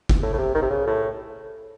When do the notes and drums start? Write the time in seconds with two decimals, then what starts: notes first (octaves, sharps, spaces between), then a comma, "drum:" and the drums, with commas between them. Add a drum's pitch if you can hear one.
0.09 drum: kick G1
0.23 A2
0.33 A2
0.38 C3
0.55 D#3
0.62 C3
0.70 C#3
0.87 A2